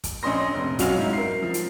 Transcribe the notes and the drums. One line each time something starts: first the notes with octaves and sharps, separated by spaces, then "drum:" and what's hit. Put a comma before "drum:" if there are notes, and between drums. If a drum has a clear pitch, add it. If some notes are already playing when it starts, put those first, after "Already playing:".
drum: kick, hi-hat
A#1 C#4 D#5 C6 A#6
F1
B1 F#3 C#4 F#4 F5 F7, drum: kick, hi-hat
G#2 D#4 E4
A#4 C7
F3
drum: hi-hat